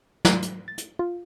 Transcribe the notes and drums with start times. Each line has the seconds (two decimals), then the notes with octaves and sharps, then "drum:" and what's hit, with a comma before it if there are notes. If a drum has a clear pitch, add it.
0.25 F#3, drum: snare
0.42 drum: hi-hat
0.68 A6
0.78 drum: hi-hat
0.99 F4